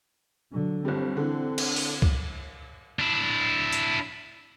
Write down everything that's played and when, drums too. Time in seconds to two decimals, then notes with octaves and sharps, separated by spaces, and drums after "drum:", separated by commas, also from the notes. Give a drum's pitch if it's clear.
0.52 D3 F#3
0.85 G1 G3 C4
1.17 D3 E3
1.58 drum: cymbal
1.76 drum: open hi-hat
2.02 drum: kick C#2
2.99 D4 E4
3.72 drum: hi-hat